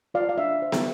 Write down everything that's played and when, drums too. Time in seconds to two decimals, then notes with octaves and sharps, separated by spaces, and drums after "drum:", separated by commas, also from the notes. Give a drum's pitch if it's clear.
0.14 F4 D5 F5
0.29 F5
0.38 D4 E5
0.62 C5
0.72 drum: snare